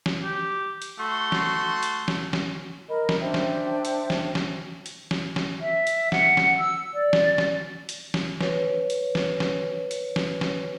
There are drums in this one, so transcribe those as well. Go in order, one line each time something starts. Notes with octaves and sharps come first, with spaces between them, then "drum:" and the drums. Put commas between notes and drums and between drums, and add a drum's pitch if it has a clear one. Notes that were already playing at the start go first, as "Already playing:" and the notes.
drum: snare
G4
drum: hi-hat
A3 F#4 C6
drum: snare
drum: hi-hat
drum: snare
drum: snare
A#4 D#5 B5
drum: snare
D4 C5 E5 G5
drum: snare
drum: hi-hat
drum: snare
drum: snare
drum: hi-hat
drum: snare
drum: snare
E5
drum: hi-hat
F#5, drum: snare
drum: snare
E6
D5
drum: snare
drum: snare
drum: hi-hat
drum: snare
B4 C#5, drum: snare
drum: hi-hat
drum: snare
drum: snare
drum: hi-hat
drum: snare
drum: snare